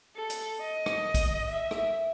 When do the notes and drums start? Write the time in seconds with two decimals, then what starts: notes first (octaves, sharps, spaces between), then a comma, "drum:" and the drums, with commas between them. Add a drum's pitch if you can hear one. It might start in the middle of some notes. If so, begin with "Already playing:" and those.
0.16 A4
0.30 drum: hi-hat
0.61 D#5
0.86 drum: rim click
1.14 drum: kick, hi-hat
1.49 E5
1.71 drum: rim click